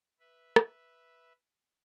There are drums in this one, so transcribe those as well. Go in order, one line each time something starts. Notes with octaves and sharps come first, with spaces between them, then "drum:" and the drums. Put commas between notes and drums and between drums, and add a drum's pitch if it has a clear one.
B4 E5
drum: rim click